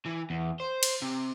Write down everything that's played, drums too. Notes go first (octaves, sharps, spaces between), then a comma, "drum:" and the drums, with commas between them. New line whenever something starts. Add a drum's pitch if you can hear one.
E3
E2
C5
drum: cymbal
C3